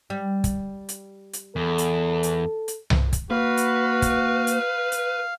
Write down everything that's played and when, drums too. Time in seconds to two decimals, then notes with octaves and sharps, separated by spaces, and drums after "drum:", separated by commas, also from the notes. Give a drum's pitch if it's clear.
0.10 G3
0.44 drum: kick, hi-hat
0.89 drum: hi-hat
1.33 drum: hi-hat
1.56 E2 A4
1.78 drum: hi-hat
2.23 drum: hi-hat
2.68 drum: hi-hat
2.90 drum: tom C2
3.13 drum: kick, hi-hat
3.31 A#3 F#4 B4 F5
3.57 drum: hi-hat
4.02 drum: kick, hi-hat
4.47 drum: hi-hat
4.92 drum: hi-hat